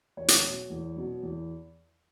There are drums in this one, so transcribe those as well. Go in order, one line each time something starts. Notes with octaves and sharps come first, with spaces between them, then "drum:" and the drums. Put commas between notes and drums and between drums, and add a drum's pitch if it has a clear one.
E2 C#5
drum: hi-hat
B2 F#3
E2
B2 F#3
E2